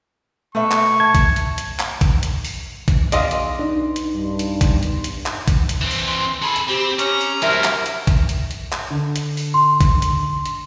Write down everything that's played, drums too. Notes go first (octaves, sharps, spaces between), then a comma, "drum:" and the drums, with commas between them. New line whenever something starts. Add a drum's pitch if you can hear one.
B2 A3 B4 E5 C#6
drum: clap
A5 G#6
drum: kick, hi-hat
drum: hi-hat
drum: hi-hat
drum: clap
drum: kick, hi-hat
drum: hi-hat
drum: open hi-hat
drum: kick, hi-hat
B1 E2 D5 D#5 F5 C6, drum: hi-hat
drum: hi-hat
D4 D#4
drum: hi-hat
G2
drum: hi-hat
drum: kick, hi-hat
drum: hi-hat
drum: hi-hat
drum: clap
drum: kick, hi-hat
drum: hi-hat
E3 C4
drum: open hi-hat
C6
G#4 A4 B5
drum: hi-hat
C4 G4
C#4 A#5, drum: hi-hat
drum: open hi-hat
F#3 D4 E4 A#4 C5 G#5, drum: hi-hat
drum: clap
drum: hi-hat
drum: kick, hi-hat
drum: hi-hat
drum: hi-hat
drum: clap
D3
drum: hi-hat
drum: open hi-hat
C6
drum: kick, hi-hat
drum: hi-hat
drum: hi-hat